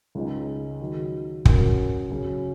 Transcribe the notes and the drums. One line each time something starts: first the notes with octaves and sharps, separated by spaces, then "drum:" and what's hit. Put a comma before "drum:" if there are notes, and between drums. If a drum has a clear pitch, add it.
C#2 C#3 G#3 D#4
D#3 F#3 D#4
F#2 F#3 C#4 F#4 A#4, drum: kick
C#3 F#3 C#4